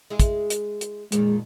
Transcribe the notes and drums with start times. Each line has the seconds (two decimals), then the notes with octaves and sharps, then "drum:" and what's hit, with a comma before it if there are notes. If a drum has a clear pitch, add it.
0.10 G#3 E4 G#4
0.20 drum: kick, hi-hat
0.50 drum: hi-hat
0.81 drum: hi-hat
1.12 F2 A#2 D#3 G#3, drum: hi-hat